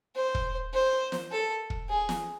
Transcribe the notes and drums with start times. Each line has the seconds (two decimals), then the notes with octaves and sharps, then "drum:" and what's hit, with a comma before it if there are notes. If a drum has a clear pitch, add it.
0.16 C5
0.35 drum: kick
0.74 C5
1.12 drum: snare
1.32 A4
1.70 drum: kick
1.90 G#4
2.09 drum: snare